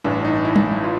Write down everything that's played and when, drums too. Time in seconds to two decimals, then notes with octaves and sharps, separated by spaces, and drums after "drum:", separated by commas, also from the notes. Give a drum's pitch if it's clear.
0.04 A1 G2 E3 D4
0.25 D#4
0.45 E4
0.56 drum: tom
0.84 F4